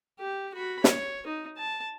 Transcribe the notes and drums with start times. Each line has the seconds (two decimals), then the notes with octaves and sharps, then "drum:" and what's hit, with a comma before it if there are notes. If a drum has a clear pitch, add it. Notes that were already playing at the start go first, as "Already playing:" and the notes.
0.19 G4
0.54 F#4 B5
0.84 C#5, drum: snare
1.27 D#4
1.57 A5